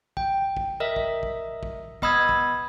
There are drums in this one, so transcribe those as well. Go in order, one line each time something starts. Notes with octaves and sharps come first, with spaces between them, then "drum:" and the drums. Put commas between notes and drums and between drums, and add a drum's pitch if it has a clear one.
G5, drum: kick
drum: kick
A#4 D#5 E5
drum: kick
drum: kick
drum: kick
B3 D#5 B5 D#6 E6 G#6, drum: kick
drum: kick